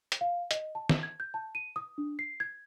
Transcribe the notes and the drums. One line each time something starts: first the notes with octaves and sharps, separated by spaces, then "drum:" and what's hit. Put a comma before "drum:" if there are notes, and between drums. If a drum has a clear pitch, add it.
drum: hi-hat
F5
D#5, drum: hi-hat
A5
drum: snare
G#6
G6
A5
D#7
D#6
D4
C7
G#6